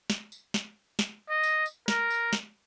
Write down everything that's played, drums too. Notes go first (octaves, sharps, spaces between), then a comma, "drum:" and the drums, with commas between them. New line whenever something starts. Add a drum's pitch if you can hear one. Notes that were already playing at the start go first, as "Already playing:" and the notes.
drum: snare
drum: tambourine
drum: snare
drum: snare
D#5
drum: tambourine
drum: tambourine
A#4, drum: snare
drum: tambourine
drum: snare